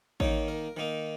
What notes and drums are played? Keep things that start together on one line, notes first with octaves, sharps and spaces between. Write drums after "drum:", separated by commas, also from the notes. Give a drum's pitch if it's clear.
D#3 A#3 D#4 C#5, drum: kick A1
A#4
D#3 A#3 D#4